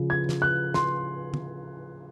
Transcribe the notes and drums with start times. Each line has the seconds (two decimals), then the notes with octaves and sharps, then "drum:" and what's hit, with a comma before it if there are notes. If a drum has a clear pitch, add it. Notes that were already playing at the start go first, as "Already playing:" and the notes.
Already playing: C#3 F3
0.10 G#6
0.29 drum: snare
0.42 F#6
0.74 C6, drum: snare
1.34 drum: tom